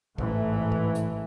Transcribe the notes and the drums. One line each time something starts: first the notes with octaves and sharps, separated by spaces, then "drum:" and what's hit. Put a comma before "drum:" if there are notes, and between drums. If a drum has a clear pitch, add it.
A1 G#2 E3 A3, drum: kick
drum: kick
drum: hi-hat